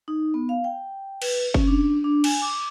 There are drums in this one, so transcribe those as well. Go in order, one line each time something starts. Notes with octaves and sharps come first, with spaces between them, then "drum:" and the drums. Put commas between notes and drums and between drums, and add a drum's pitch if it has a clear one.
D#4
B3
F5
G5
B4, drum: cymbal
C#4, drum: kick F#1
D4
D4
G#5, drum: cymbal
D6